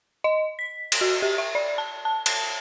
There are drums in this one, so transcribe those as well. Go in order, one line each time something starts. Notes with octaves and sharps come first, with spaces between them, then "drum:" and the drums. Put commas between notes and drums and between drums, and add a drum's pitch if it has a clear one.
D#5
B6
drum: cymbal
F#4
G4
E5
D5
A5
A5
A5, drum: cymbal